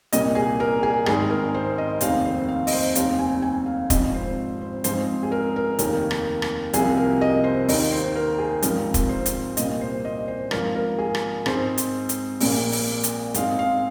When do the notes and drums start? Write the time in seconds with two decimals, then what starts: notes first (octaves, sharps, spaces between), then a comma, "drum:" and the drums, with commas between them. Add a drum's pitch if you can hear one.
0.13 C2 A#2 A#3 D#5, drum: hi-hat
0.35 G#4
0.60 A#4
0.83 G#4
1.06 G#1 G#2 D#3 G#3 G#4, drum: rim click
1.30 A#4
1.54 C5
1.78 D#5
2.01 F1 D#2 D#3 C4 F5, drum: hi-hat
2.25 C5
2.48 F5
2.67 D#5, drum: open hi-hat
2.73 C5
2.95 F1 D#2 D#3 C4 F5, drum: hi-hat
3.19 G#5
3.42 G#5
3.66 F5
3.90 G#1 G#2 F3 C4 D#5, drum: kick, hi-hat
4.14 C5
4.61 C5
4.84 G#2 F3 G#3 C4 C5, drum: hi-hat
5.23 G#4
5.32 A#4
5.56 A#4
5.79 F1 D#2 D#3 A#3, drum: hi-hat
6.11 drum: rim click
6.42 drum: rim click
6.73 C2 C3 F3 A#3 G#4, drum: hi-hat
6.97 A#4
7.21 D#5
7.44 C5
7.69 D#2 D#3 A#3 D#5, drum: open hi-hat
7.92 C5
8.16 A#4
8.39 G#4
8.62 G#1 G#2 F3 C4 A#4, drum: hi-hat
8.94 drum: kick, hi-hat
9.09 C5
9.26 drum: hi-hat
9.57 C2 A#2 A#3 D#5, drum: hi-hat
9.81 C5
10.05 D#5
10.28 C5
10.51 G#1 G#2 F3 A#3 A#4, drum: rim click
10.76 A#4
10.98 G#4
11.15 drum: rim click
11.46 G#2 G#3 C4 C5, drum: rim click
11.78 drum: hi-hat
12.09 drum: hi-hat
12.40 A#1 A#2 A#3, drum: open hi-hat
12.72 drum: open hi-hat
13.04 drum: hi-hat
13.34 G#2 G#3 C4 F5, drum: hi-hat
13.59 F5